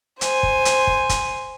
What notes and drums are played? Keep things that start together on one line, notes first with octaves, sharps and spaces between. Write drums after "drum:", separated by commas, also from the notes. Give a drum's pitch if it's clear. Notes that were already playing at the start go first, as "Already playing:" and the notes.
C5 G#5, drum: hi-hat
drum: kick
drum: hi-hat
drum: kick
drum: kick, hi-hat